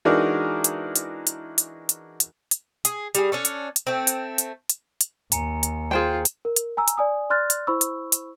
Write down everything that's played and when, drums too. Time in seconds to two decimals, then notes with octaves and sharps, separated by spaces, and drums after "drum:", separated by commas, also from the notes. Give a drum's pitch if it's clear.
0.05 E3 G#3 D4 D#4 F#4 A#4
0.64 drum: hi-hat
0.96 drum: hi-hat
1.27 drum: hi-hat
1.58 drum: hi-hat
1.89 drum: hi-hat
2.20 drum: hi-hat
2.51 drum: hi-hat
2.85 G#4, drum: hi-hat
3.15 G3 G#4, drum: hi-hat
3.32 C#4 D4 A4
3.45 drum: hi-hat
3.76 drum: hi-hat
3.87 A3 C4
4.07 drum: hi-hat
4.38 drum: hi-hat
4.69 drum: hi-hat
5.01 drum: hi-hat
5.32 D#2 G#5 A#5 C#7, drum: hi-hat
5.63 drum: hi-hat
5.91 F4 G#4 C5 G5
6.25 drum: hi-hat
6.45 A#4
6.56 drum: hi-hat
6.77 G#5 A#5 E6
6.88 drum: hi-hat
6.97 D5 G#5 D#6
7.30 D5 C6 F6 F#6 A6
7.50 drum: hi-hat
7.67 E4 C5 B5 C#6 E6
7.81 drum: hi-hat
8.12 drum: hi-hat